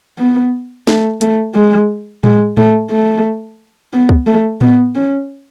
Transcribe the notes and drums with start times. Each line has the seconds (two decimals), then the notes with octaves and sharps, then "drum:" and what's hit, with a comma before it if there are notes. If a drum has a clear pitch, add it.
0.18 B3
0.87 A3, drum: snare
1.21 A3, drum: hi-hat
1.54 G#3
2.24 G#3, drum: tom A2
2.57 A3, drum: tom A2
2.91 A3
3.93 B3
4.09 drum: kick
4.27 A3
4.61 B3, drum: tom A2
4.95 C#4